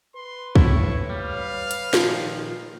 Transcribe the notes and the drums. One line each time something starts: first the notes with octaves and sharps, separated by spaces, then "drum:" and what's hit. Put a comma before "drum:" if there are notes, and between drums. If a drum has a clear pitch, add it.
B4 C6
A2 E4 C#5 C#6, drum: kick
G3 F5
drum: hi-hat
A#2 D#3 F3, drum: snare